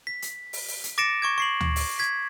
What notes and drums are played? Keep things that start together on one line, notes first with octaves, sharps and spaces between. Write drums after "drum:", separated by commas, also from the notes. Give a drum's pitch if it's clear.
B6
drum: hi-hat
drum: open hi-hat
drum: open hi-hat
drum: hi-hat
D6 A6 A#6 C#7 D7 E7
C#6 D6 G#6
C#6 C7 F#7
drum: tom D2
drum: open hi-hat
G#6 B6